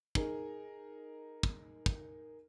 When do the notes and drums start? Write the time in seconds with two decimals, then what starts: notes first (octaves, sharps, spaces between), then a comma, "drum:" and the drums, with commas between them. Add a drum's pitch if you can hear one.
0.15 D#4 G#4 A#4, drum: kick
1.43 drum: kick
1.86 drum: kick